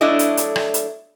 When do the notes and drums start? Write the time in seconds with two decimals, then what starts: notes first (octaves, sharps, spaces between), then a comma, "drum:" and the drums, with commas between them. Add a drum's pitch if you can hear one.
0.01 F#3 A3 D4 E4 D5 D#5
0.19 drum: hi-hat
0.37 drum: hi-hat
0.56 drum: rim click
0.74 drum: hi-hat